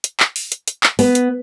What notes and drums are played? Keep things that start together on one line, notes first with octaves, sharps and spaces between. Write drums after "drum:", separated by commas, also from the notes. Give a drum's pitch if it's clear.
drum: hi-hat
drum: clap
drum: open hi-hat
drum: hi-hat
drum: hi-hat
drum: clap
B3, drum: open hi-hat
drum: hi-hat